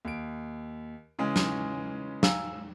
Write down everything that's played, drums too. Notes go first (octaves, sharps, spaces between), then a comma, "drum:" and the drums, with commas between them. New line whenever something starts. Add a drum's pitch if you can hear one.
D#2 D7
C#3 E3 G#3 C#4
drum: snare
F5 G#5 A#5 E6, drum: snare